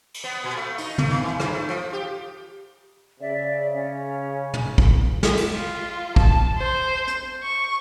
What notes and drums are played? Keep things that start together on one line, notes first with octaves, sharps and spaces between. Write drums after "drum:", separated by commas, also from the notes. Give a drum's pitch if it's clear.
drum: cymbal
B3
A#2
A3
D#4, drum: open hi-hat
A3, drum: tom
D#3
E3
G2, drum: rim click
A3
F3
G4
C#3 D5 E5
C#4
drum: tom
drum: kick
drum: snare
drum: cymbal
F4
A5, drum: kick
C5
drum: hi-hat
C#6